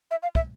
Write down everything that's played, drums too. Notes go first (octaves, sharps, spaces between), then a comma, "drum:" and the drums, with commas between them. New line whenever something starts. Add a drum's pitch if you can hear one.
E5
F5
E5, drum: kick